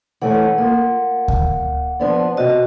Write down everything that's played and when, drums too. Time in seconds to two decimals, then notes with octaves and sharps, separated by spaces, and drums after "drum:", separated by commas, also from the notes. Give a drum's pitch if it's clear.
0.22 E3 A3 C#4 F#5
0.58 A#3 F4
1.28 drum: kick D2
1.99 F3 B3 D4
2.37 C3 F#4 D#5 E5